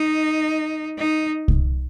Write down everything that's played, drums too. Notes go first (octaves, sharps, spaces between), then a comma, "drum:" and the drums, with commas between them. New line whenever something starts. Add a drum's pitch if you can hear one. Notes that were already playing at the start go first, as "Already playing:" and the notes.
Already playing: D#4
D#4
drum: kick C2